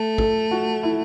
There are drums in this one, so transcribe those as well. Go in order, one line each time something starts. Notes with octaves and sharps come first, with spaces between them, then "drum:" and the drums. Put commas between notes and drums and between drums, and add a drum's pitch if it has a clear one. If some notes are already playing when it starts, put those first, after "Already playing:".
Already playing: A3
A4, drum: kick
F#4
E4